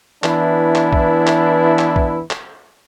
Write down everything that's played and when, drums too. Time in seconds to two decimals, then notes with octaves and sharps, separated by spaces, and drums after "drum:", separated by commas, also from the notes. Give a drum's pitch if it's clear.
0.24 E3 B3 D4 E4, drum: clap
0.75 drum: clap
0.93 drum: kick A#1
1.27 drum: clap
1.79 drum: clap
1.96 drum: kick A#1
2.30 drum: clap